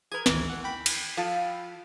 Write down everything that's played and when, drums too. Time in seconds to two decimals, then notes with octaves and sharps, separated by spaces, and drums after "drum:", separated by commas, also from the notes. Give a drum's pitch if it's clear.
0.12 G#4 A#4 B4 G#6
0.26 A1 D2 D#3 E3, drum: snare
0.50 F#5
0.64 G5 B5
0.86 drum: cymbal
1.17 F3 F4 A4